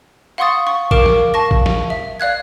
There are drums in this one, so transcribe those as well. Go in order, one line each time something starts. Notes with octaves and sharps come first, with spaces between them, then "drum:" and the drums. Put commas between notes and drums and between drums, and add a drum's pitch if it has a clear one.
F5 F#5 C6 C#6 D#6 A6
C#6
A#4 F5 D6 D7 E7, drum: kick
drum: snare
F5 A5 C#6 A#6
drum: kick
drum: snare
E5
D5 F5 F#6 G#6